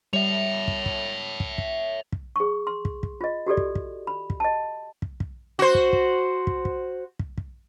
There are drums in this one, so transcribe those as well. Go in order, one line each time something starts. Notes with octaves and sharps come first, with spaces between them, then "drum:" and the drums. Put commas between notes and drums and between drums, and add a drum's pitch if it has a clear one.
G3 C#5 E5 F7
drum: kick
drum: kick
drum: kick
drum: kick
drum: kick
G#4 C#6
C6
drum: kick
drum: kick
F4 D#5
F#4 G4 A4 D5
drum: kick
drum: kick
B5
drum: kick
D#5 A5
drum: kick
drum: kick
F#4 C5
drum: kick
drum: kick
drum: kick
drum: kick
drum: kick
drum: kick